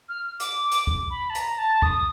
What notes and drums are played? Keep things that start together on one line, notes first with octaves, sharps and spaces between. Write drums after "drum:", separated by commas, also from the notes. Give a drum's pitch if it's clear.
F6
D6, drum: hi-hat
drum: hi-hat
drum: kick
B5
A5
A#5, drum: hi-hat
A5
D#6, drum: kick